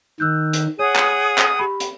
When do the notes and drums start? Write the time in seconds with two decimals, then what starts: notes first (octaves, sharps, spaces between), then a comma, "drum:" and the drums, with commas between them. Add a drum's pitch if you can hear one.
0.20 D#3 E6 F#6 G6
0.53 drum: hi-hat
0.79 G#4 C#5 F#5 D#6
0.96 drum: clap
1.38 drum: clap
1.59 G4 B5
1.80 drum: hi-hat